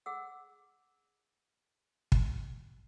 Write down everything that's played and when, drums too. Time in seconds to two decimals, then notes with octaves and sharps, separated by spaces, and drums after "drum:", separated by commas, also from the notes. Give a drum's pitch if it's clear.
0.06 G#4 F#5 E6
2.12 drum: kick